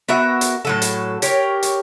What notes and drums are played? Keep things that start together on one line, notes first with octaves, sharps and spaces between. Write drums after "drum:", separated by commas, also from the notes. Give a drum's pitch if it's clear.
B3 F#4 A#4 E5
drum: hi-hat
A2 F#3 A4
drum: hi-hat
G4 A#4 C#5, drum: hi-hat
drum: hi-hat